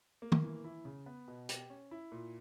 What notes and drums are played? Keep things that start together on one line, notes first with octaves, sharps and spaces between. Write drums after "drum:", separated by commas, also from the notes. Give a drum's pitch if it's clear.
A#3
drum: tom D#3
E3
E4
C#3
B3
B2
G4, drum: hi-hat
C#4
E4
A#2